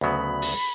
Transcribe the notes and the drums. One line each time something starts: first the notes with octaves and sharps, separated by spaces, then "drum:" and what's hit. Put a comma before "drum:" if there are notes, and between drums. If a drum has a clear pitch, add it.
D2 C#3 F#3 B3 B5
drum: open hi-hat